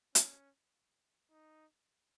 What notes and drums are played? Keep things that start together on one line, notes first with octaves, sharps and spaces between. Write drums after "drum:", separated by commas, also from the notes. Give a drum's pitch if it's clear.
C#4, drum: hi-hat
D#4